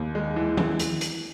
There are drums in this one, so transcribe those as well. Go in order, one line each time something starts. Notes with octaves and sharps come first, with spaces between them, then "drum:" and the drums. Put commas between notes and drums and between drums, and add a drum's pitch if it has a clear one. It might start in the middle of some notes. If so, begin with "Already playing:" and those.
Already playing: D#2
G#3
E3
E3, drum: tom
drum: hi-hat
drum: hi-hat